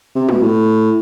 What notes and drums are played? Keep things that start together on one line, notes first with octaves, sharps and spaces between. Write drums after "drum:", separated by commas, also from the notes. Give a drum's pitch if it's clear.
C3
B2, drum: tom G3
A2